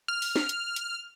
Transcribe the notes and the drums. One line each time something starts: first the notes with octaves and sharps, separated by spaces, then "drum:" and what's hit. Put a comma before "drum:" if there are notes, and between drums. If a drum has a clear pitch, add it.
F6
drum: open hi-hat
drum: snare
drum: hi-hat
drum: hi-hat